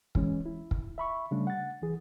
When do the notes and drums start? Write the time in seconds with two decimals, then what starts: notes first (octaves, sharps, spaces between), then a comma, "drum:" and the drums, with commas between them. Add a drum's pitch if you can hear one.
0.15 E3 G#3 C#4, drum: kick
0.46 E4
0.71 drum: kick
0.98 E5 B5 C#6
1.31 C#3 G3 A3 D4
1.47 F#5 A6
1.82 C2 E3 G#4